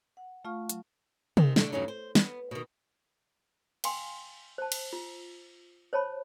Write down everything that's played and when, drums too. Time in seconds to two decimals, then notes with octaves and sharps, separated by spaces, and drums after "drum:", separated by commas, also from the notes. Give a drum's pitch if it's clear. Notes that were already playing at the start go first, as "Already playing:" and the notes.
0.17 F#5
0.45 A3 F4 F5 C#6 F6
0.69 F#3, drum: hi-hat
1.37 D#3 G#3 C4, drum: tom
1.56 D3 A3, drum: snare
1.72 E2 G2 C#3 F#3 C#4 D#4
1.88 C5
2.15 B3, drum: snare
2.51 B2 D#3
3.84 F5 G5 G#5 C6, drum: cymbal
4.58 C5 A5
4.72 drum: cymbal
4.93 F4
5.93 C5 C#5 A5 B5